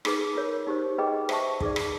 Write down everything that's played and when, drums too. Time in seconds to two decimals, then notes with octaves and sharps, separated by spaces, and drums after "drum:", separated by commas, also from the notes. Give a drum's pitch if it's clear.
0.05 D#4 G#4 B4, drum: rim click
0.35 F4 A#4 C#5
0.67 D#4 G4 C5
0.98 G#4 B4 D#5 G5 B5
1.29 C5 E5 A5 C#6, drum: rim click
1.60 D#4 G#4 B4 D5, drum: kick
1.76 drum: rim click